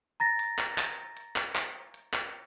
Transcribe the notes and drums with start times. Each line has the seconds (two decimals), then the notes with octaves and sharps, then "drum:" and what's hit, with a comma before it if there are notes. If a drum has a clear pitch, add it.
0.20 A#5 A6 A#6
0.39 drum: hi-hat
0.59 drum: clap
0.78 drum: clap
1.17 drum: hi-hat
1.36 drum: clap
1.55 drum: clap
1.94 drum: hi-hat
2.14 drum: clap